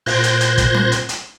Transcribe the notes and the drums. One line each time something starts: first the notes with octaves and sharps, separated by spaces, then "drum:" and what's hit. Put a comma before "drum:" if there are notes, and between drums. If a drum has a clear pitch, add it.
A#2 C5 C6 F#6 G#6 A#6, drum: open hi-hat
drum: hi-hat
drum: hi-hat
drum: kick, hi-hat
drum: snare
drum: hi-hat
drum: hi-hat